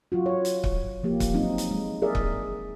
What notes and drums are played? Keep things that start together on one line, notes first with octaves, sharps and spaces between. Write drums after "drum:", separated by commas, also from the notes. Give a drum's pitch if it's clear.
F#3 F4 F#4
C#5
drum: hi-hat
drum: kick
F3 A#3 G4
drum: kick, hi-hat
F#3 C4 D#4
drum: hi-hat
G#3
G#4 A#4 D5 E5
drum: kick